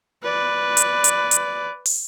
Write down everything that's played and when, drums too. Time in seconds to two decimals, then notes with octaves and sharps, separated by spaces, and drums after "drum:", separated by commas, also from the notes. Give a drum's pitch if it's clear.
0.22 B4 D5
0.77 drum: hi-hat
1.04 drum: hi-hat
1.31 drum: hi-hat
1.86 drum: open hi-hat